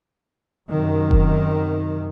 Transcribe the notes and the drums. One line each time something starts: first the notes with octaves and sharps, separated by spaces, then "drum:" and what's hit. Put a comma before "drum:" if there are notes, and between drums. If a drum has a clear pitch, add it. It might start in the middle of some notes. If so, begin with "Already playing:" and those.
F#2 C3 D#3
drum: kick F1